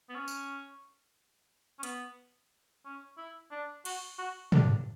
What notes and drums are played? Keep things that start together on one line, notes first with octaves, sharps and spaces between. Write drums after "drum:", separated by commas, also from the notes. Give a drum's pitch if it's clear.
B3
C#4
drum: tambourine
C#4
B3, drum: hi-hat
C#4
E4
D4
F#4, drum: cymbal
F#4
D4, drum: tom